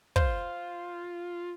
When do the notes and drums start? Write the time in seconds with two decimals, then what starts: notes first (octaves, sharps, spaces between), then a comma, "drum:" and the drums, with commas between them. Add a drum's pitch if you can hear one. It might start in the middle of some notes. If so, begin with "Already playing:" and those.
0.16 F4 C5, drum: kick